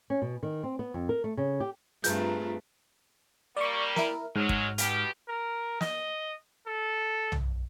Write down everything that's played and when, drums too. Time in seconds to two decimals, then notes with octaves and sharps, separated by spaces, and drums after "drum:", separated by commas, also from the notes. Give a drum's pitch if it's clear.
0.10 C#4
0.22 B2
0.43 D#3
0.63 C4
0.79 B3
0.94 F2
1.09 A#4
1.24 A3
1.37 C#3
1.60 G4
2.04 G2 A3 C4 F4 G#4 B4 A#5 G6, drum: hi-hat
3.56 G3 A#3 D5 C#6
3.96 E4 A#4, drum: snare
4.36 G#2 F#3 G#3 F6
4.49 drum: kick
4.78 B2 G4, drum: hi-hat
5.28 A#4
5.81 D#5, drum: snare
6.67 A4
7.32 drum: tom B1